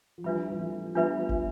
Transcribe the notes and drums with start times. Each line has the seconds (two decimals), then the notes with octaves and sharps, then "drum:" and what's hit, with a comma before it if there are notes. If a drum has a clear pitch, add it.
0.18 F3
0.24 E3 G3 D4 F4 B4 E5 B5
0.51 G3
0.59 F3 A3
0.95 G3 B3 D4 F4 B4 E5 B5
1.29 drum: kick